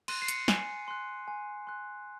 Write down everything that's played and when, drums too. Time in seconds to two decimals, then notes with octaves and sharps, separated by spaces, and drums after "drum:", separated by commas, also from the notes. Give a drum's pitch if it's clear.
0.08 C6 F#6 D#7, drum: cymbal
0.22 C7
0.28 C#7, drum: hi-hat
0.48 G#5, drum: snare
0.88 C6 F#6
1.28 G#5
1.67 C6 F#6